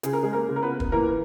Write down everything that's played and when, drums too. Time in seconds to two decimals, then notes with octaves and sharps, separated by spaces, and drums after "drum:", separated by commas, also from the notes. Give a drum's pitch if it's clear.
0.03 C#3 G#4, drum: hi-hat
0.13 A#4
0.23 G#3 G#4
0.33 A#3 A#4
0.49 C#3
0.56 A#4
0.62 B3 B4
0.80 drum: kick
0.92 E3 A#3 A#4